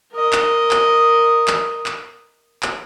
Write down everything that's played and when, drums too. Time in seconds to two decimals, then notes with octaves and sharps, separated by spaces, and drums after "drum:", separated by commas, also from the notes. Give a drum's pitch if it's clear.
0.13 A#4 D#5
0.33 drum: clap
0.71 drum: clap
1.48 drum: clap
1.86 drum: clap
2.63 drum: clap